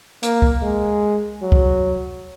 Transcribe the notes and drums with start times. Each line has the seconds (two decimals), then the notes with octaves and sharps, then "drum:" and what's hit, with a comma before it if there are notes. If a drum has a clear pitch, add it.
0.23 A#3, drum: hi-hat
0.42 drum: kick C2
0.63 G#3
1.43 F#3
1.52 drum: kick C2